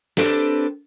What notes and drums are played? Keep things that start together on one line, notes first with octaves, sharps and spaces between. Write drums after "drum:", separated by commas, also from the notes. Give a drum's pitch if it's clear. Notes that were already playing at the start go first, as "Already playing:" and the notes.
C4 D4 G4 A4 B4, drum: snare